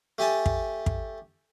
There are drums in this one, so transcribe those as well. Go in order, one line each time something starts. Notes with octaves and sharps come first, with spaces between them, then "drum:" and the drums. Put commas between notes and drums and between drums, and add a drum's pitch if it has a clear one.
A3 G4 G#5 A5
drum: kick
drum: kick